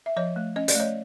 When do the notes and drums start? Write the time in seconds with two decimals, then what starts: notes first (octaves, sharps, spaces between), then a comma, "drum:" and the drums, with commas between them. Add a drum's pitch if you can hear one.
0.06 E5
0.16 F3 C#5 D#5
0.36 A3
0.56 C#4 D#5
0.68 D5, drum: hi-hat
0.75 A3 C#5 D#5